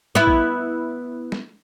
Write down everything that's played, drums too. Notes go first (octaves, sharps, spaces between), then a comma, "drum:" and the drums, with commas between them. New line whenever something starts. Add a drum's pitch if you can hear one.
B3 E4
drum: kick A#1
drum: snare